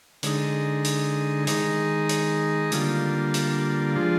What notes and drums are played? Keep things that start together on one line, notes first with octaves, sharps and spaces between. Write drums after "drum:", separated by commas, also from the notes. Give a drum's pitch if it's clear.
D3 G#3 D#4, drum: hi-hat
drum: hi-hat
D#3 G#3 D#4, drum: hi-hat
drum: hi-hat
D3 G3 A#3 F4, drum: hi-hat
drum: hi-hat
F3 G#3 D4 F4